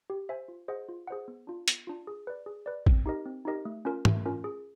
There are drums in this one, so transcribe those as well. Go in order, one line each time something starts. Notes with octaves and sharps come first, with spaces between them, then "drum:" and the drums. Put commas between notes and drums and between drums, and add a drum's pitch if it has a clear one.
G4
C5 E5 G#5
F4
G#4 C5 D#5 F#5
F4
G#4 C5 D#5 F#5
B3
D4 F4
B3, drum: hi-hat
D4 F4
G#4
B4 D5
G#4
B4 D5
C4, drum: kick
D#4 G4 A#4 D#5
C4
D#4 G4 A#4 D#5
A3
C#4 F4 A#4
A3, drum: tom
C#4 F4 A#4
G#4